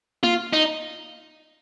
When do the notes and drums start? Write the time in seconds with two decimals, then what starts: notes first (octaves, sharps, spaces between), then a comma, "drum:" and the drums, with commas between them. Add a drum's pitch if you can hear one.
0.23 F4, drum: tom A#3
0.53 D#4